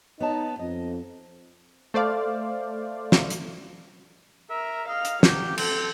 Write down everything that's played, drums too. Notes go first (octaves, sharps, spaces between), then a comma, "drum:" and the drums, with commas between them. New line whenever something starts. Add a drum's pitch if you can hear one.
B3 D#4 C#5 A5
F2 D#5
A3 C5 D5 F5
drum: snare
drum: hi-hat
A#4 E5
D#5 F5
drum: hi-hat
F#3 G4, drum: snare
C4 A4, drum: cymbal